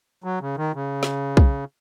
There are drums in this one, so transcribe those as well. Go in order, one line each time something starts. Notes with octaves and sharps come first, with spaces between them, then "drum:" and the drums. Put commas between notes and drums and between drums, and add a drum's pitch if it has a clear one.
F#3
C#3
D#3
C#3
drum: snare
drum: kick